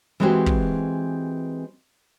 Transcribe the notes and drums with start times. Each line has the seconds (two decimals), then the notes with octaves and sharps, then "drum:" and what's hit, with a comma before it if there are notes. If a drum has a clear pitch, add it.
0.20 E3 G#3 C4 F#4 G4 C5
0.46 drum: kick